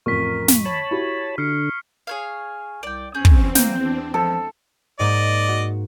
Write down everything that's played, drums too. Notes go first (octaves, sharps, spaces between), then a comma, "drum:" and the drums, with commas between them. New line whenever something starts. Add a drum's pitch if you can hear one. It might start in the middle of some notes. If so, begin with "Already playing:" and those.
A1 F2 A#4 C#6 B6
drum: snare
C#5 A5 B5
E4 F#4 G4
D3 F6 C7 C#7
G#4 C#5 F5
C2 D5 G5
E2 C4 C#4 G#4 G6
drum: kick
A#3 G5, drum: snare
D4
F3 A4
G#2 A#3 C5 D5 D#5
F#4